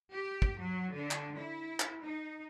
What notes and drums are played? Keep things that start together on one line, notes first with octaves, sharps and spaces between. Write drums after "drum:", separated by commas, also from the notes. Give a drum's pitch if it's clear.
G4
drum: kick
F#3
D3
drum: clap
E4
drum: clap
D#4